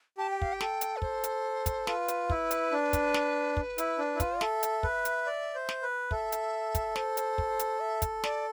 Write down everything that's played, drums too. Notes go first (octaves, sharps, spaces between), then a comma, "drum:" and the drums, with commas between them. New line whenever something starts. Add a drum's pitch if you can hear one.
G4 A5
G5
F5, drum: kick
G5
A4, drum: snare
drum: hi-hat
B4
C5, drum: kick
drum: hi-hat
drum: kick, hi-hat
F4 B4, drum: snare
drum: hi-hat
E4, drum: kick
drum: hi-hat
D4
drum: kick, hi-hat
drum: snare
drum: kick
E4, drum: hi-hat
D4
E4
F4, drum: kick, hi-hat
A4 E5, drum: snare
drum: hi-hat
B4, drum: kick
drum: hi-hat
D5
C5
drum: snare
B4
A4 E5, drum: kick
drum: hi-hat
drum: kick, hi-hat
C5, drum: snare
drum: hi-hat
drum: kick
drum: hi-hat
E5
drum: kick, hi-hat
D5, drum: snare